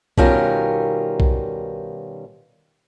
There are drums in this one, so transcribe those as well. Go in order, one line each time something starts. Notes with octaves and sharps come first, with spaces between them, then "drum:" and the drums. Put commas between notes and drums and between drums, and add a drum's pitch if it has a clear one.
B2 D#3 G3 C#4 F4 A#4, drum: kick B1
drum: kick B1